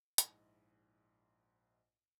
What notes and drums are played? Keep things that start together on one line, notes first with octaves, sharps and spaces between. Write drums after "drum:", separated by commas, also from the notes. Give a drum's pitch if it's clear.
A#1 G#2 E4 D#5, drum: hi-hat